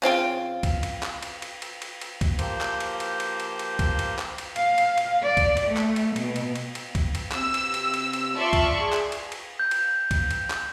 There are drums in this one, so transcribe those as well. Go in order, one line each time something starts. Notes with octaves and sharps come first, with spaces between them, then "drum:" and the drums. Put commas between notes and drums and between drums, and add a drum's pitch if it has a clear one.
C#3 C4 F4 G5
drum: kick C2, cymbal
drum: cymbal
drum: clap
drum: cymbal
drum: cymbal
drum: cymbal
drum: cymbal
drum: cymbal
drum: kick C2, cymbal
F3 A#3 G4 C5 G6, drum: cymbal
drum: clap
drum: cymbal
drum: cymbal
drum: cymbal
drum: cymbal
drum: cymbal
drum: kick C2, cymbal
drum: cymbal
drum: clap
drum: cymbal
F5, drum: cymbal
drum: cymbal
drum: cymbal
D5
drum: kick C2, cymbal
drum: cymbal
A3
drum: clap
drum: cymbal
B2, drum: cymbal
drum: cymbal
drum: cymbal
drum: cymbal
drum: kick C2, cymbal
drum: cymbal
C3 E6, drum: clap
drum: cymbal
drum: cymbal
drum: cymbal
drum: cymbal
F4 D5 E5 A5 C6 C#6
drum: kick C2, cymbal
G#4
drum: clap
drum: cymbal
drum: cymbal
G6
drum: cymbal
drum: kick C2, cymbal
drum: cymbal
drum: clap